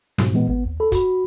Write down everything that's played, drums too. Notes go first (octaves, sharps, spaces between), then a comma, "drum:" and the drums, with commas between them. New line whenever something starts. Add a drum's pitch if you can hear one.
G#2 B2, drum: snare
A#2 E3 G#3 B3
G#1 B3
D#2
A4 B5
F#4 B5, drum: kick, hi-hat